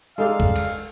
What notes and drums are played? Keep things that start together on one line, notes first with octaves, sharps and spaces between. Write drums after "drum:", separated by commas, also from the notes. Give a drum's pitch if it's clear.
G#3 D#4 A4 D5 F5
drum: kick C#2
drum: cymbal